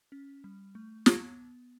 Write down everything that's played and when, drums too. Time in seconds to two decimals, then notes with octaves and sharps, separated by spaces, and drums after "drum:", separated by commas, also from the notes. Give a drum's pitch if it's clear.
0.12 C#4
0.44 G3
0.75 A3
1.06 B3, drum: snare